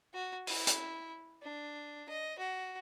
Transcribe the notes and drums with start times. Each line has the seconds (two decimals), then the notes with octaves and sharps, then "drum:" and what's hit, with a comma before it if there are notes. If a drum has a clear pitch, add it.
0.14 F#4
0.47 E4, drum: open hi-hat
0.67 drum: hi-hat
1.42 D4
2.09 D#5
2.39 F#4